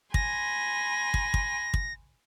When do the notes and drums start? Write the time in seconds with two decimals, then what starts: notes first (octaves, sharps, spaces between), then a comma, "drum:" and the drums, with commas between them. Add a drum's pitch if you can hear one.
0.14 G#5 B5 C6 A#6, drum: kick
1.14 drum: kick
1.34 drum: kick
1.74 drum: kick